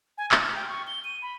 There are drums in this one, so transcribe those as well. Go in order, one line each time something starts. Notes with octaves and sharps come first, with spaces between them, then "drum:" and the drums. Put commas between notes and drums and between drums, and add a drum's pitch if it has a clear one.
G#5
A#5, drum: clap
F6
G5
C#6
G7
D#7
B5